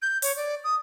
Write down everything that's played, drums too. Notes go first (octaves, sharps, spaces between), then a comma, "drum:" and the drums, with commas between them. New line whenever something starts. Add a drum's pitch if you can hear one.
G6
C#5, drum: open hi-hat
D5
D#6